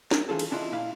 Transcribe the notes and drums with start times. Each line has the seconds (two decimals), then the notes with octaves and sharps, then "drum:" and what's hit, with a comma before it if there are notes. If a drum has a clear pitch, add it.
0.11 A#4, drum: snare
0.29 E3 F3 F4 G#4 A4
0.39 drum: cymbal
0.51 C#4 D4 E4 F4 D#5
0.72 A#2 E4 F5